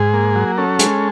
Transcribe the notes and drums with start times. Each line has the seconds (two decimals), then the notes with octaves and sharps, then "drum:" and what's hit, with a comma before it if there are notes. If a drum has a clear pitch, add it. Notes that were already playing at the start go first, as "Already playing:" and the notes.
Already playing: G#2 G#4
0.14 A#3
0.36 F#3
0.57 C#4 A4
0.79 G#3, drum: hi-hat